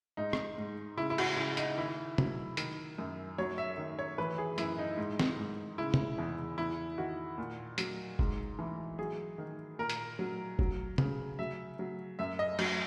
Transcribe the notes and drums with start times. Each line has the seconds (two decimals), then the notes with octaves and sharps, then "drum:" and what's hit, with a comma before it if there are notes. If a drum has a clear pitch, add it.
0.17 G#2 D#4
0.33 drum: rim click
0.58 G#2
0.97 C#3 E4
1.10 E4
1.18 F#4, drum: cymbal
1.37 C#3 E4
1.57 D#4, drum: hi-hat
1.78 D#3 E4
2.18 F#3, drum: tom
2.57 D#3, drum: hi-hat
2.98 F#2
3.38 F#3 C#5
3.58 E5
3.78 D#3
3.99 C#5
4.18 E3 B4
4.38 G#4
4.58 F#2 E4, drum: hi-hat
4.79 D#4
4.97 G#2
5.19 drum: snare
5.39 G#2
5.78 C#3 E4
5.94 drum: tom
6.18 E2
6.58 E2 E4
6.98 D#3 F#4
7.38 A#2
7.78 F#3, drum: hi-hat
8.19 G#2, drum: kick
8.59 E3
8.99 F#3 G#4
9.38 D#3
9.79 A#2 A#4
9.90 drum: hi-hat
10.19 F#3
10.59 F#3, drum: kick
10.98 C#3, drum: tom
11.39 F#3 E5
11.79 F#3
12.19 F#2 E5
12.39 D#5
12.59 F#3, drum: cymbal